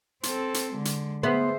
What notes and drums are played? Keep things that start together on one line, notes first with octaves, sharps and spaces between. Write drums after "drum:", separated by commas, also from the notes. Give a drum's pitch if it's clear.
C4 A4 C6, drum: hi-hat
drum: hi-hat
D3 G#3
drum: hi-hat
B3 G#4 C5 E5 C6